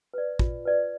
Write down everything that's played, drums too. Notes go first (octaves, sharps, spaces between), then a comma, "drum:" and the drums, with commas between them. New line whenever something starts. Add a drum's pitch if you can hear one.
B4 D5
F4, drum: kick
B4 D5